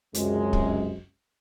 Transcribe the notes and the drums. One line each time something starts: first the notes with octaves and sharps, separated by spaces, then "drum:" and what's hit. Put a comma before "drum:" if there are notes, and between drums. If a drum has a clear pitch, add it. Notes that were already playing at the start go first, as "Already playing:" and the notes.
C#2 F#2 C3 G#3, drum: hi-hat
drum: kick